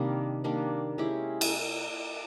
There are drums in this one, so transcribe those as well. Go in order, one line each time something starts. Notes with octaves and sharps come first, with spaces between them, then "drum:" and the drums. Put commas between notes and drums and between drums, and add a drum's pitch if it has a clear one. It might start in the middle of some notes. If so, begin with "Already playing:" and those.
Already playing: C3 D#3 G3 A#3 D4
D#3 G3 A#3 D4
G#3 C#4 E4 G4
drum: cymbal